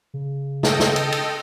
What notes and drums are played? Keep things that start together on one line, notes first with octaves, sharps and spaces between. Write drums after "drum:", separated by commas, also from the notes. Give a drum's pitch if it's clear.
C#3
A4 D#5 G5, drum: snare
drum: snare
drum: cymbal
drum: cymbal